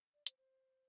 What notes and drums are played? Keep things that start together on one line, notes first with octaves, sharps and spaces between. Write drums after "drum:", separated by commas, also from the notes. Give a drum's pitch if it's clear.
D5
C5, drum: hi-hat
C5